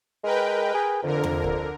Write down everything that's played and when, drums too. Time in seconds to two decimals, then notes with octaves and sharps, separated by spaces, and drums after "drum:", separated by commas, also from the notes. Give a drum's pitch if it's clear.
0.23 G#3 A#4 B4 G5
0.74 G#4
1.03 F2 D3 A#4
1.24 drum: tom E2
1.44 drum: kick